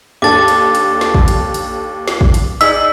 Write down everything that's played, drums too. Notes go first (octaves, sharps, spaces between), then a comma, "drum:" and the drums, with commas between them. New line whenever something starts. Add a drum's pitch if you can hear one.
D#2 D4 A4 D6 A6
drum: hi-hat
drum: hi-hat
drum: snare
drum: kick
drum: hi-hat
drum: hi-hat
drum: snare
drum: kick
drum: hi-hat
D#4 G#4 D5 E6 B6, drum: hi-hat